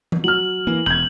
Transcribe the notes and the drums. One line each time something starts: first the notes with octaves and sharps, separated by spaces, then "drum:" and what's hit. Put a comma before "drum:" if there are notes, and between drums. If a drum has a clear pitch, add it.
drum: tom E3
F#3 F6 F#7
E3 A#3
E1 G6 G#6 F#7